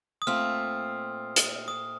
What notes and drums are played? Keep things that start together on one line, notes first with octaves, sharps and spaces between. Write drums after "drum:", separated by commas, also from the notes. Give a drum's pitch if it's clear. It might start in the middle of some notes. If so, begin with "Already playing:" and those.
D#6
A#2 A3 C4 F4 F6
drum: hi-hat
D#6